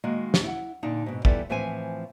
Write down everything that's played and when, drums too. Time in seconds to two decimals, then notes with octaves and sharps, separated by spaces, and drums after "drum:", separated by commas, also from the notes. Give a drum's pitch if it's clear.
0.04 D#3 G#3 A#3 F#4
0.34 drum: snare
0.43 E4 F#5
0.83 A#2 D3 D#4 A5
1.06 G#2 B2
1.25 E3 G3 B3 E4 F4 A4, drum: kick
1.49 A2 E3 F3 C4 C5 G#5